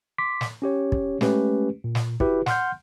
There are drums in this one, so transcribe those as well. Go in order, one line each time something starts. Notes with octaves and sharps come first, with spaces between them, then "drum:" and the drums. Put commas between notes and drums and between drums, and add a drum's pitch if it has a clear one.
C6 D6 B6
drum: snare
C#4 G4 C#5
drum: kick
G#3 A3 C#4 G4 B4, drum: snare
A#2
drum: snare
E4 F#4 G4 B4, drum: kick
F#5 C6 F6 G6, drum: snare